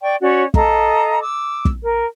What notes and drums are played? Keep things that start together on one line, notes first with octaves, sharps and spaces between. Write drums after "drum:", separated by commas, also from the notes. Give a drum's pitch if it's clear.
D5 G5 C#6
C#4 F#4 C#5 D5
A4 D#5 F5 A#5, drum: kick
D6 E6
drum: kick
A#4